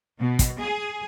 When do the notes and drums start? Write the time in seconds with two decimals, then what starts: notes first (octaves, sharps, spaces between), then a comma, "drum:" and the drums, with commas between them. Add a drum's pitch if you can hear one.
0.19 B2
0.39 drum: kick, hi-hat
0.60 G#4